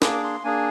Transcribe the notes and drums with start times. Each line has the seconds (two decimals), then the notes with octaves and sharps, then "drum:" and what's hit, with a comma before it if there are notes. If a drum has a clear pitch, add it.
0.02 A#3 D4 G#4 D6, drum: snare
0.24 C6
0.44 A#3 D4 G#4 G#5